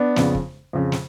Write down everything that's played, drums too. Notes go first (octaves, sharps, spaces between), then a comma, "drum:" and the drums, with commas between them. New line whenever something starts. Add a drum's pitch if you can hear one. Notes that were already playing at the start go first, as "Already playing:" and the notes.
Already playing: B3 D4
F2 C#3, drum: snare
drum: kick
F2 C#3
drum: snare